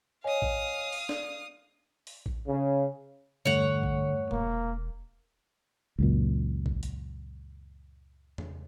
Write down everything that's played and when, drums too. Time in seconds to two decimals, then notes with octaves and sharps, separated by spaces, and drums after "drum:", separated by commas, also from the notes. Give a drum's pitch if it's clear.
0.24 C#5 D#5 F5 G#5 D#6
0.42 drum: kick A#1
0.92 drum: open hi-hat
1.09 D5, drum: snare
2.07 drum: open hi-hat
2.26 drum: kick A#1
2.48 C#3
3.45 E2 G2 D3 A3 C#5 F#5
3.83 drum: kick A#1
4.31 E1 A#3, drum: tom A#2
5.99 C#2 F#2 A#2
6.66 drum: kick A#1
6.83 drum: hi-hat
8.38 drum: tom E2